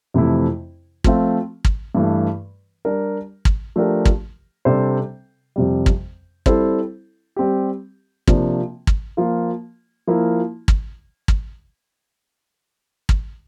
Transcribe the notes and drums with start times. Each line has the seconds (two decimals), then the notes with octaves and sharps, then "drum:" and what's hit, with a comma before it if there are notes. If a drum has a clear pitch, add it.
0.14 F2 C3 E3 A3 E4
1.04 F3 A3 C4 F4, drum: kick
1.65 drum: kick
1.95 G2 E3 A3
2.85 G3 D4 G4 A#4
3.45 drum: kick
3.76 F3 A3 D4 G4 A#4
4.05 drum: kick
4.65 C3 G3 D4 A4 C5
5.56 F2 C3 G3
5.86 drum: kick
6.46 G3 C4 E4 A4 C5, drum: kick
7.36 G3 C4 G4
8.27 C3 F3 A#3 D4, drum: kick
8.87 drum: kick
9.17 F3 A#3 F4
10.07 F3 A#3 E4 A#4
10.68 drum: kick
11.28 drum: kick
13.09 drum: kick